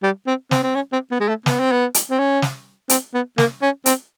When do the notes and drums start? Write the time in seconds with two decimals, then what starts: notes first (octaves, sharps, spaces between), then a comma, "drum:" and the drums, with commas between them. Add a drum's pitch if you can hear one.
0.03 G3
0.27 C4
0.51 C4, drum: snare
0.63 C4
0.75 C#4
0.93 C4
1.11 B3
1.20 G#3
1.28 A3
1.46 B3, drum: snare
1.60 C4
1.72 B3
1.94 drum: hi-hat
2.11 C4
2.19 C#4
2.42 drum: snare
2.89 C4, drum: hi-hat
3.14 B3
3.38 A#3, drum: snare
3.62 C#4
3.86 C4, drum: hi-hat